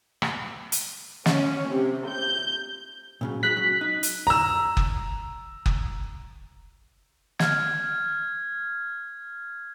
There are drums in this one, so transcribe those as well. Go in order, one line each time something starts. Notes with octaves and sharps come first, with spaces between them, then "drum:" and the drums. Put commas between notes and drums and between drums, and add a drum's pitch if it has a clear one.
drum: rim click
drum: hi-hat
C#4, drum: snare
C3
G6
A#2 C#3 F#3
F#3 G#3 D#4 F#6 B6
F#3
D#4
drum: hi-hat
A#5 E6
drum: kick F#1
drum: kick F#1
F6 G#6, drum: snare